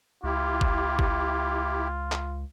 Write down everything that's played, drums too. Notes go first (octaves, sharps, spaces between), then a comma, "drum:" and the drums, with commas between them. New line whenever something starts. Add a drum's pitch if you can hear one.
C#2 E4 F4 G4
drum: kick G1
drum: kick G1
drum: clap